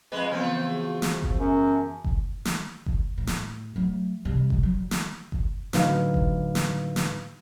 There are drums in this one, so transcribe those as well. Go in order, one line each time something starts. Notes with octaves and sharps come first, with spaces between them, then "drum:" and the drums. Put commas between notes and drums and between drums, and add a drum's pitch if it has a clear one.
F2 G#3 B4 D6
C#3 E3 F3 A3 B3 C4
F#4 G#4
drum: snare
drum: kick F#1
F#2
A5
drum: kick F#1
drum: snare
drum: kick F#1
A2
drum: snare
F#3 A3
C3 G3
drum: kick F#1
F#3 G3
drum: snare
drum: kick F#1
A2 D3 F#3 D#4 B4 F5, drum: snare
drum: kick F#1
drum: snare
drum: snare